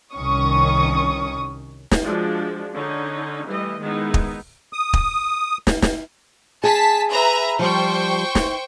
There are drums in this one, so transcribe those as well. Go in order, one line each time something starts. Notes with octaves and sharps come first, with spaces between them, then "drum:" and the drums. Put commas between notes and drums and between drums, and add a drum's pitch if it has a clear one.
C2 D#3 C#4 C#6 D#6
drum: snare
F3 G#3 D4 F#4
D3 C#4 D#4
E3 G3 A3 D#5
D#3 G#3 B3 D#4 E4
drum: kick
D#6
drum: kick
drum: snare
drum: snare
G#4 A5 B6
B4 E5 A#5
F3 G3 C5 G5 C#6
drum: snare